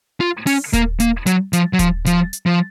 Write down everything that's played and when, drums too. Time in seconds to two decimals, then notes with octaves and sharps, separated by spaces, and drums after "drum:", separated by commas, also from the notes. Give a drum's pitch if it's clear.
0.20 F4
0.47 C#4, drum: open hi-hat
0.73 A#3, drum: kick D#1, hi-hat
1.00 A#3, drum: hi-hat
1.26 F#3, drum: hi-hat
1.53 F3, drum: hi-hat
1.73 F#3
1.79 F3, drum: kick D#1, hi-hat
2.06 F3, drum: hi-hat
2.33 drum: hi-hat
2.46 F3